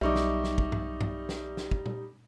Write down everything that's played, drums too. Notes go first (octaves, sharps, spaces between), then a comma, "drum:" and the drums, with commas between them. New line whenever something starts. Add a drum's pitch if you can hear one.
B1 G3 D#4 E5 C#6 D6
drum: snare
drum: snare
drum: kick
drum: tom G2
drum: tom G2
drum: snare
drum: snare
drum: kick
drum: tom A#2